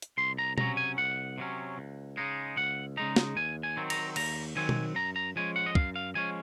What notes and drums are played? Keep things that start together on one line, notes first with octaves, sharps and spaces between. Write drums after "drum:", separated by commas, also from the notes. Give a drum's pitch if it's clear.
drum: hi-hat
C2 C6
A#5
C3 F#3 C#4 A#5, drum: tom B2
G#5
C2 F#5
C3 F#3 C#4
C#2
C#3 G#3 D#4
C#2 F#5
C#3 G#3 D#4 A#5
drum: snare
D#2 G#5
G#5
D#3 F#3 C4
A#5, drum: cymbal
D#2 A#5, drum: cymbal
D#3 F#3 C4 G#5
drum: tom B2
F#2 A#5
A#5
F3 G#3 C#4 G#5
F#5
D#5
F#2 F5, drum: kick
F5
F3 G#3 C#4 G#5